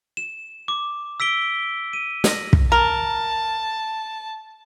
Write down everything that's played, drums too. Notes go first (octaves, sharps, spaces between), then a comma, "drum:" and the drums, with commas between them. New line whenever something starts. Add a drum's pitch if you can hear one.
E7
D6
E6 B6 D7 G7
D#7
A#6 F#7, drum: snare
drum: kick
A#4 A5